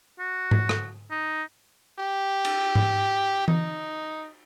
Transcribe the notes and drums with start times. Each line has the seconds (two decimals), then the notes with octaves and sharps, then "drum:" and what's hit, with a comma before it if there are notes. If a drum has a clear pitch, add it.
0.19 F#4
0.51 drum: tom G#2
0.69 drum: rim click
1.11 D#4
1.99 G4
2.45 drum: cymbal
2.75 drum: tom G#2
3.48 D#4, drum: tom E3